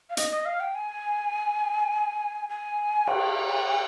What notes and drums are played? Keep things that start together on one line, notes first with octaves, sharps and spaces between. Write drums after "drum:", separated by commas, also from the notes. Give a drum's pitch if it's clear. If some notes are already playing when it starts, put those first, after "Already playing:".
F5
D#5, drum: hi-hat
D#5
F5
G5
G#5
G#5
G5, drum: cymbal